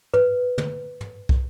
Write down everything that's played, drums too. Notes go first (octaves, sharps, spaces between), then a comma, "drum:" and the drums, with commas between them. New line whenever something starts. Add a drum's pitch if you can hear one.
B4, drum: tom
drum: tom
drum: tom
drum: kick